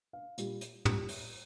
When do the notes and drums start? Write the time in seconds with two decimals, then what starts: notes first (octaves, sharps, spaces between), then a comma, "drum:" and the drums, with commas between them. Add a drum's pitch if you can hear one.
0.13 F5
0.38 A#2 G3, drum: hi-hat
0.61 drum: hi-hat
0.85 A#2 G3, drum: tom
1.09 drum: open hi-hat